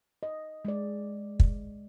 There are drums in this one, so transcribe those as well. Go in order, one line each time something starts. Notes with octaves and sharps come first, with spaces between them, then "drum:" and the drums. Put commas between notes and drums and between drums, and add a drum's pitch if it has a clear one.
D#5
G#3 D5
drum: kick